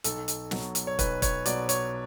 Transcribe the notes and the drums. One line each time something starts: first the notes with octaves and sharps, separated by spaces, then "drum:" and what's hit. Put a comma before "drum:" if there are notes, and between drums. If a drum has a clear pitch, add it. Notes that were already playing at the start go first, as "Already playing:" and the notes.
B1 A4, drum: hi-hat
drum: hi-hat
B2 F#3, drum: snare
drum: hi-hat
C#5
B1 B4, drum: kick, hi-hat
C#5, drum: kick, hi-hat
B2 F#3 D5, drum: hi-hat
C#5, drum: hi-hat